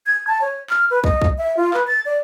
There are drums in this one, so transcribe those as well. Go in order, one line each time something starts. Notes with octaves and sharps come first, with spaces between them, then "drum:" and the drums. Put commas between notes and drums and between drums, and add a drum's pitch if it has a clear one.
G#6
A5
C#5
F6, drum: clap
B4
D#5, drum: kick
drum: kick
E5
F4
B4, drum: clap
A6
D5